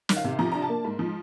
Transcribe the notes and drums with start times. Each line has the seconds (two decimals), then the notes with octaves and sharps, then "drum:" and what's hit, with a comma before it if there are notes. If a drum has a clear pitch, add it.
0.09 D#3, drum: snare
0.16 F5
0.24 C3
0.39 F3 A#5
0.52 D4 A#5
0.62 A5
0.69 A#3
0.85 G#2
0.99 F3